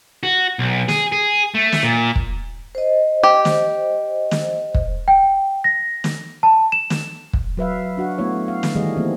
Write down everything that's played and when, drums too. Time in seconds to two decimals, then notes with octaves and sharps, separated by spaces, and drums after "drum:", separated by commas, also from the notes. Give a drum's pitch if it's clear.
0.23 F#4
0.59 B1
0.88 G#4, drum: snare
1.12 G#4
1.55 A3
1.72 drum: snare
1.83 A#2
2.16 drum: kick
2.75 C5 D#5
3.23 G4
3.45 drum: snare
4.31 drum: snare
4.75 drum: kick
5.08 G5
5.64 A#6
6.04 drum: snare
6.43 A5
6.72 E7
6.90 drum: snare
7.33 drum: kick
7.57 F#3 B4 E5 F5
7.97 D4 F#4 F#5
8.18 A3 B3 E4 C#5
8.48 F5
8.63 drum: snare
8.75 D#3 E3 G3 A3 G#4 D#5
8.96 E3 G3 A#3 C4